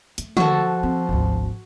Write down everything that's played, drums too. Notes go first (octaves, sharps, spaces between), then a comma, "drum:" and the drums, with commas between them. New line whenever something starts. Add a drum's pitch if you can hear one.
A3, drum: hi-hat
F3 F#4 A4, drum: tom
C4
G#1 D2